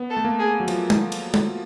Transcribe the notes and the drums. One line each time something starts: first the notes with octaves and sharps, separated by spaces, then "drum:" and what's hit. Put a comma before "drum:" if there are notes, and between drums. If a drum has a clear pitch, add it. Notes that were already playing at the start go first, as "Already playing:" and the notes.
Already playing: B3
A4
A3
A#3
G#4
F#3
F3, drum: cymbal
drum: tom
drum: cymbal
drum: tom